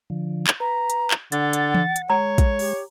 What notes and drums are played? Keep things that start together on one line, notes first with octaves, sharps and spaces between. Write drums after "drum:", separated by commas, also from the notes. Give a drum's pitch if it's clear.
D3 F3
drum: clap
B4 A#5
drum: hi-hat
drum: clap
D3 F#5 A6, drum: hi-hat
drum: hi-hat
drum: tom E3
drum: hi-hat
G#3 C#5 A#5
drum: kick, hi-hat
G4, drum: open hi-hat